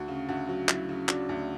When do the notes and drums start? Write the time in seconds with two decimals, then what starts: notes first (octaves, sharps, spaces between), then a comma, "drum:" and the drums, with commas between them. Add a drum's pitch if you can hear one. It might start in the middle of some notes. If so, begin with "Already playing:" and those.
Already playing: D2 F#4
0.08 C#3
0.29 D2 F#4
0.49 F#3
0.69 F#3 E4, drum: clap
0.89 C#3
1.09 F#3 D4, drum: clap
1.29 D2